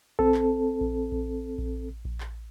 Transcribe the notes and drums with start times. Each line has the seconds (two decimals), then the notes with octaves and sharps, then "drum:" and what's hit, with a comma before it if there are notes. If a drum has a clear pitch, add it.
0.19 C4 A4, drum: kick A#1
0.34 drum: clap
0.81 drum: kick A#1
1.12 drum: kick A#1
1.58 drum: kick A#1
2.05 drum: kick A#1
2.20 drum: clap